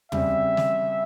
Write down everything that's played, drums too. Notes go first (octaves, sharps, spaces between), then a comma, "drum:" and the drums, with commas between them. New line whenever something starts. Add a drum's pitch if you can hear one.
C#3 G3 C4 E5, drum: tom
drum: snare